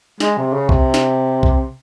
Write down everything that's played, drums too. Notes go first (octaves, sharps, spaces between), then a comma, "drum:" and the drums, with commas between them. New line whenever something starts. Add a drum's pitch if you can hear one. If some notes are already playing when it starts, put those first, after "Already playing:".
G#3, drum: snare
C3
C#3
C3, drum: kick B1
drum: snare
drum: kick B1